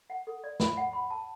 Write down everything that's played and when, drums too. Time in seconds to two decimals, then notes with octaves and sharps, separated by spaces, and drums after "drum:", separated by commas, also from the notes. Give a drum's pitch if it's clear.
0.10 F#5
0.27 A4
0.44 D5
0.60 B5, drum: snare
0.77 F#5
0.93 B5
1.10 A5